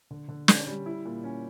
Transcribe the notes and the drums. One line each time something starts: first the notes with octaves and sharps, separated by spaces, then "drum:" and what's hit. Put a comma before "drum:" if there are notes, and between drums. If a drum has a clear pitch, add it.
D3
D3
C#4, drum: snare
G3
E4
A#2
C#4